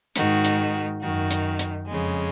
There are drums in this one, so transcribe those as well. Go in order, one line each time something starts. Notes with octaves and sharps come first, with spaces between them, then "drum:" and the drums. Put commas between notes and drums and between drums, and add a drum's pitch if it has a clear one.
G#2 D#3 F#4, drum: hi-hat
drum: hi-hat
F#2 D#3 F#4
drum: hi-hat
drum: hi-hat
F2 C#3 G#3